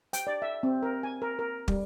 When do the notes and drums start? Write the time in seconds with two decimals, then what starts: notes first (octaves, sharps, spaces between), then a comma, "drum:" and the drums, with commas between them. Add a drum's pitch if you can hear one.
0.13 G5, drum: hi-hat
0.27 D5
0.42 E5
0.63 C4
0.83 A#4
1.03 G#5
1.22 A#4
1.39 A#4
1.68 G3, drum: kick